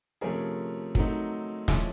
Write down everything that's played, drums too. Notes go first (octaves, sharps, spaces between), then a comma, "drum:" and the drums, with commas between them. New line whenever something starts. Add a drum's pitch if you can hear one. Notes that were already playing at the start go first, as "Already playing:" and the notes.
C3 F3 A3 C#4 G#4 A#4
F#3 A3 C4 D#4, drum: kick
A#2 F3 G#3 C#4 E4, drum: snare